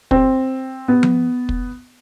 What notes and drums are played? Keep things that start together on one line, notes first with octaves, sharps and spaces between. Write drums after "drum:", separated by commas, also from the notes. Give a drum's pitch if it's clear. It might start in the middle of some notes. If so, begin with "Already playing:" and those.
C4, drum: kick
B3
drum: tom F3
drum: kick